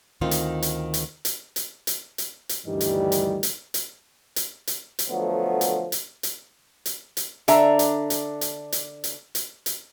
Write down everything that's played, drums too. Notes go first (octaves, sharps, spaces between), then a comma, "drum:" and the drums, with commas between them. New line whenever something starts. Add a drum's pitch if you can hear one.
D2 D#3 C4 D#4 F4
drum: hi-hat
drum: hi-hat
drum: hi-hat
drum: hi-hat
drum: hi-hat
drum: hi-hat
drum: hi-hat
drum: hi-hat
D2 G2 D#3 E3 G3
drum: hi-hat
drum: hi-hat
drum: hi-hat
drum: hi-hat
drum: hi-hat
drum: hi-hat
drum: hi-hat
D3 F3 F#3 A3 B3
drum: hi-hat
drum: hi-hat
drum: hi-hat
drum: hi-hat
drum: hi-hat
D3 D4 E5 A#5, drum: hi-hat
drum: hi-hat
drum: hi-hat
drum: hi-hat
drum: hi-hat
drum: hi-hat
drum: hi-hat
drum: hi-hat